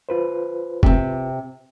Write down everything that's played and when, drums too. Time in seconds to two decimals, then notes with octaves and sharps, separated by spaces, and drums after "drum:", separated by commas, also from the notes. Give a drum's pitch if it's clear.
0.09 F4 B4 C5
0.83 C3 C4, drum: kick F#1